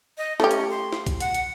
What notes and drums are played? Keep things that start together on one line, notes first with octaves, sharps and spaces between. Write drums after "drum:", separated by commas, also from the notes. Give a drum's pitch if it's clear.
D#5
A3 C#4 G4, drum: snare
drum: hi-hat
C6
drum: snare
drum: kick, hi-hat
F#5, drum: hi-hat
drum: hi-hat